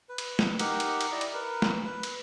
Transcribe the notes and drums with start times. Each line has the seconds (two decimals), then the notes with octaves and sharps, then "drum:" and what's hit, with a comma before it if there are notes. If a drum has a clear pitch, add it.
0.09 B4
0.18 drum: cymbal
0.39 drum: snare
0.59 D#4 G4 A#4 F#5, drum: cymbal
0.80 drum: cymbal
1.01 drum: cymbal
1.12 E4 G4 D5 D#5
1.21 drum: cymbal
1.33 A#4 B4
1.62 drum: snare
1.84 B4
2.03 drum: cymbal